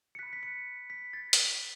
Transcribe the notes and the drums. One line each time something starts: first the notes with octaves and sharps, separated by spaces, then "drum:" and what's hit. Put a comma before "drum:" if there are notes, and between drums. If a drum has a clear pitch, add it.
C#7
B5 F#6 B6
B6
C#7
B6
A6
drum: hi-hat